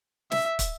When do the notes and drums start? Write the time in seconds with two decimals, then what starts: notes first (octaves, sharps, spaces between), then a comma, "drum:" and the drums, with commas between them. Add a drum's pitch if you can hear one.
0.31 E5, drum: snare
0.59 drum: kick, hi-hat